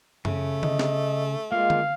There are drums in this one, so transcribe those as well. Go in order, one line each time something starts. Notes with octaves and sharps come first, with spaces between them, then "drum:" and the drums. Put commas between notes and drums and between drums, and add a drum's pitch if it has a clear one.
C#3 A3, drum: tom F#2
D#5, drum: tom D3
drum: snare
G#3 A#3 F4 F5
drum: tom D3